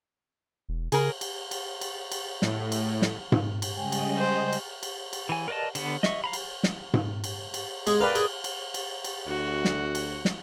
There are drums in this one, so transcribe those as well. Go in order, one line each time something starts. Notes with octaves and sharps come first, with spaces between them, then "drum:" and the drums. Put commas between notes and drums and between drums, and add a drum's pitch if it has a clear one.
E1
C#3 G#4 A#4, drum: cymbal
drum: cymbal
drum: cymbal
drum: cymbal
drum: cymbal
A2, drum: snare
drum: cymbal
drum: snare
drum: tom G#2
drum: cymbal
C#3 G3 G#3 D#5 G5 G#5
drum: cymbal
C5
drum: cymbal
drum: cymbal
drum: cymbal
E3 G#5
A#4 B4 D5 D#5 A5
D3 B3, drum: cymbal
D#5 E5 C#6, drum: snare
F5 A#5 B5
drum: cymbal
drum: snare
drum: tom G#2
drum: cymbal
drum: cymbal
G#3 G#4, drum: cymbal
A#4 B4 D5 F5 G5
G#4, drum: cymbal
drum: cymbal
drum: cymbal
drum: cymbal
D2 F#4
drum: snare
drum: cymbal
drum: snare